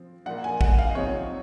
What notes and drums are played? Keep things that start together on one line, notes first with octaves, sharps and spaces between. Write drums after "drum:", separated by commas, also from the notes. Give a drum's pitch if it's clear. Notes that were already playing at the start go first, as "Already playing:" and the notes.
Already playing: F3 C4
A#2 F3 A#3 F4 F#5
G#5
F#5, drum: kick
F5
D#5
C3 F3 C4 D#4 C#5